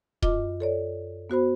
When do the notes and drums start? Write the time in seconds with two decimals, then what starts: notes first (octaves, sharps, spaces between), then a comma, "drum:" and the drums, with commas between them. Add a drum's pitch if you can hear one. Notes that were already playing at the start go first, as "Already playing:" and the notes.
0.22 F#2 F4 D#5 D6, drum: kick D#1
0.60 A4 C#5 D5
1.30 B3 F#4 C5 B5